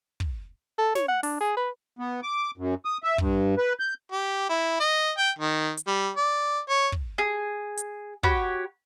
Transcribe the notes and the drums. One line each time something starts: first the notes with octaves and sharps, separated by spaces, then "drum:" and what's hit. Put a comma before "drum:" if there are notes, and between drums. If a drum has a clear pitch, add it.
drum: kick
A4
C#5, drum: snare
F#5
D4, drum: open hi-hat
G#4
B4
B3
D6
F#2
D#6
E5
G2, drum: kick
B4
G6
G4
E4
D#5
G5
D#3
drum: hi-hat
G3
D5
C#5
drum: kick
G#4
drum: hi-hat
F#4 G4 C#5 B5, drum: kick